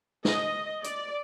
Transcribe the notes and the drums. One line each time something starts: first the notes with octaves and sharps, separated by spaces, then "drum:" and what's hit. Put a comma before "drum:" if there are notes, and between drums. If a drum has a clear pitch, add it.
D#5, drum: snare
D5, drum: hi-hat